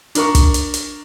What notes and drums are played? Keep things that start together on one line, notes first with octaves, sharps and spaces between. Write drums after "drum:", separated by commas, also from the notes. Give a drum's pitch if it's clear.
D4 A#4 C#6, drum: hi-hat
drum: kick, hi-hat
drum: hi-hat
drum: hi-hat